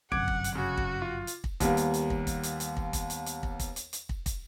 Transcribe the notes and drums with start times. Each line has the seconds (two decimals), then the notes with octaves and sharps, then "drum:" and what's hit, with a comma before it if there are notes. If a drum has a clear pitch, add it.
0.12 G1 F#2 C3 F#5 D6 G#6 D7, drum: kick
0.28 drum: kick
0.44 drum: hi-hat
0.55 C#3 F#4
0.77 drum: kick
1.02 F4
1.27 drum: hi-hat
1.44 drum: kick
1.60 D#2 G3 A#3 B3, drum: kick, hi-hat
1.77 drum: hi-hat
1.94 drum: hi-hat
2.10 drum: kick
2.27 drum: kick, hi-hat
2.43 drum: hi-hat
2.60 drum: hi-hat
2.77 drum: kick
2.93 drum: kick, hi-hat
3.10 drum: hi-hat
3.26 drum: hi-hat
3.43 drum: kick
3.60 drum: kick, hi-hat
3.76 drum: hi-hat
3.93 drum: hi-hat
4.09 drum: kick
4.26 drum: kick, hi-hat